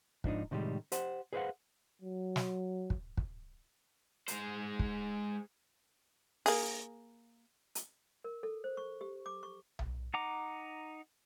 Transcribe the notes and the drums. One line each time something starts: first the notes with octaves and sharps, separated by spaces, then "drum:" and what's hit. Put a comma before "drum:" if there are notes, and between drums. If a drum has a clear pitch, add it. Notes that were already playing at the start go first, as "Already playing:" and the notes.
G#2 F3 D4 D#4, drum: kick
A2 C3 D#3 F3 G3 G#3
G4 C5 F#5, drum: hi-hat
G#4 B4 C5 D#5 F5 F#5
F#3
drum: snare
drum: kick
drum: kick
G#3 C5, drum: hi-hat
drum: kick
A#3 G#4, drum: open hi-hat
drum: hi-hat
A#4
A4
C5
C#6
G4
D6
C#6
drum: tom B1
D#4 F#5 A#5 D6